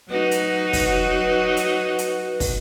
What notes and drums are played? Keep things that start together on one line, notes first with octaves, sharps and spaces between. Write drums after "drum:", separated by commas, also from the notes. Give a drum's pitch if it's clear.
F#3 D#4 F#4 B4
drum: hi-hat
drum: kick, open hi-hat
drum: hi-hat
drum: hi-hat
drum: kick, open hi-hat